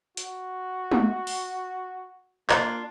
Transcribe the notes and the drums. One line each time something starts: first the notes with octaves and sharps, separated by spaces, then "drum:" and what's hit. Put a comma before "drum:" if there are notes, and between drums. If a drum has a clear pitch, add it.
F#4, drum: hi-hat
drum: tom G#3
drum: open hi-hat
A#3 D4 F4, drum: clap